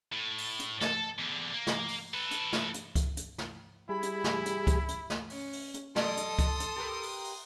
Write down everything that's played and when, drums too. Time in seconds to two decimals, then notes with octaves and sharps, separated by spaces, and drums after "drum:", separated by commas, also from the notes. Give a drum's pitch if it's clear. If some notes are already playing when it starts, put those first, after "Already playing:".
0.12 A2
0.38 drum: open hi-hat
0.60 drum: hi-hat
0.81 A4, drum: snare
1.18 E2 D3
1.53 A#3
1.67 drum: snare
1.88 drum: open hi-hat
2.14 A4 B4
2.31 drum: hi-hat
2.53 drum: snare
2.74 drum: hi-hat
2.95 drum: kick C#2, hi-hat
3.17 drum: hi-hat
3.38 drum: snare
3.89 G3 E4 G#4 B5
4.03 drum: hi-hat
4.24 drum: snare
4.46 drum: hi-hat
4.67 drum: kick C#2, hi-hat
4.88 drum: hi-hat
5.10 drum: snare
5.30 C#4, drum: open hi-hat
5.53 drum: open hi-hat
5.74 drum: hi-hat
5.96 F#3 A4 D#5 C6 D#6, drum: snare
6.17 drum: hi-hat
6.39 drum: kick C#2, hi-hat
6.60 drum: hi-hat
6.76 G4 A#4 B4
7.03 drum: open hi-hat
7.24 drum: open hi-hat